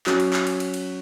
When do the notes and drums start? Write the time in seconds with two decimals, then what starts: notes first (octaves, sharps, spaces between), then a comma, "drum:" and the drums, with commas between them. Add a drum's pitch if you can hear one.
0.07 F#3 C#4 F#4, drum: clap
0.20 drum: cymbal
0.33 drum: clap
0.47 drum: cymbal
0.60 drum: cymbal
0.74 drum: cymbal